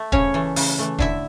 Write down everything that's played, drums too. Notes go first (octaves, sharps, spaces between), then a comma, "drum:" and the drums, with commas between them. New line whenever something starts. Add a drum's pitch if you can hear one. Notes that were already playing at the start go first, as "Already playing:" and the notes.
Already playing: A3
C#3 C#4 C#5, drum: kick
E3 A3
C#3, drum: open hi-hat
E3 A3
D3 E4 E5, drum: kick